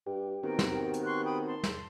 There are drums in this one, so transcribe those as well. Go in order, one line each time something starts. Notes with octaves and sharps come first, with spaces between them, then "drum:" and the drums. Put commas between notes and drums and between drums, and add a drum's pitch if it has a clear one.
G2 G4
D#3 B3 C4 F#4 A#4 G5
drum: snare
drum: hi-hat
C6 C#6 F#6
G5 B5 D#6
A5 C6
drum: snare